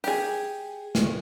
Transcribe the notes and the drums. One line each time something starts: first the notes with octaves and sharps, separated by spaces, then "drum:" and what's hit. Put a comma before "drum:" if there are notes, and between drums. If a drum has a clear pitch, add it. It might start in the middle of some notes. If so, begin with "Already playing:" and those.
G4 G#4, drum: open hi-hat
drum: snare